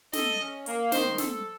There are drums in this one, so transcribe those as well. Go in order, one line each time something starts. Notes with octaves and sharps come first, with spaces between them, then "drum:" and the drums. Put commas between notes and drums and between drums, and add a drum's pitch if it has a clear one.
A4 D#5, drum: snare
C#4
A#3, drum: hi-hat
D#3 C5, drum: snare
A4, drum: snare